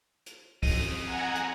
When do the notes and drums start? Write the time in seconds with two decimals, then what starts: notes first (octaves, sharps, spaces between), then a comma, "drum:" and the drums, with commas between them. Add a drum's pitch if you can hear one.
0.26 drum: hi-hat
0.63 F2 D#5, drum: kick, open hi-hat
1.05 F#5 G#5 A#5
1.36 drum: hi-hat